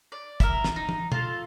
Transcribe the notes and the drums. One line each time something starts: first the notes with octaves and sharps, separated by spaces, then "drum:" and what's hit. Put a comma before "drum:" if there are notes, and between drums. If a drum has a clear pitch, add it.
D5
E4 A4 A#4, drum: kick, hi-hat
drum: snare
D#4
drum: tom
F4 A4, drum: tom